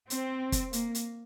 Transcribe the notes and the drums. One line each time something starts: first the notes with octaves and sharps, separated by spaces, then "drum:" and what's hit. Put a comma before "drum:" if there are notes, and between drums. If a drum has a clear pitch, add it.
C4, drum: hi-hat
drum: kick, hi-hat
A#3, drum: hi-hat
drum: hi-hat